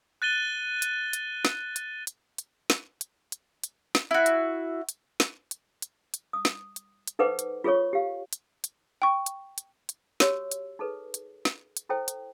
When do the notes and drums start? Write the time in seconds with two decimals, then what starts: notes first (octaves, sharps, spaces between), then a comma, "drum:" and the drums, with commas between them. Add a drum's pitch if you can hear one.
0.22 F#6 A6 D#7 G7
0.82 drum: hi-hat
1.13 drum: hi-hat
1.45 drum: snare
1.76 drum: hi-hat
2.07 drum: hi-hat
2.38 drum: hi-hat
2.70 drum: snare
3.01 drum: hi-hat
3.32 drum: hi-hat
3.64 drum: hi-hat
3.95 drum: snare
4.11 E4 F#4
4.26 drum: hi-hat
4.89 drum: hi-hat
5.20 drum: snare
5.51 drum: hi-hat
5.82 drum: hi-hat
6.14 drum: hi-hat
6.33 D#6
6.45 drum: snare
6.76 drum: hi-hat
7.08 drum: hi-hat
7.19 D#4 A4 B4 C5 F#5 D6
7.39 drum: hi-hat
7.64 F4 G#4 A4 C#5 C#6
7.93 G4 F5
8.33 drum: hi-hat
8.64 drum: hi-hat
9.02 G5 C#6
9.26 drum: hi-hat
9.58 drum: hi-hat
9.89 drum: hi-hat
10.20 F#4 G4 C#5 E6, drum: snare
10.51 drum: hi-hat
10.79 D#4 G#4 A4 B4
11.14 drum: hi-hat
11.45 drum: snare
11.77 drum: hi-hat
11.89 E4 A4 C5 G5
12.08 drum: hi-hat